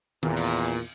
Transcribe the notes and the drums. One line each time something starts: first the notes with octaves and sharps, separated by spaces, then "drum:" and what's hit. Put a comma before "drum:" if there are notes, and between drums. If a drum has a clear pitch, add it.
E2 A#2, drum: tom D#3
drum: cymbal